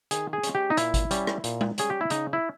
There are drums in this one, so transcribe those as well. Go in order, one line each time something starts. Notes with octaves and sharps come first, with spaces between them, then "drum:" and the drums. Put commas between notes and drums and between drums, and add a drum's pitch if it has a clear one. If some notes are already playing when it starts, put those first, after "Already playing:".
D#3 G#4, drum: hi-hat
G#4
G#3 C#4, drum: hi-hat
G4
D#4
A#2 E4, drum: hi-hat
drum: kick G#1, hi-hat
G3 C#4, drum: hi-hat
drum: rim click
A#2, drum: hi-hat
drum: tom G#3
G3 C#4 G#4, drum: hi-hat
G4
E4
C#3 D#4, drum: hi-hat
E4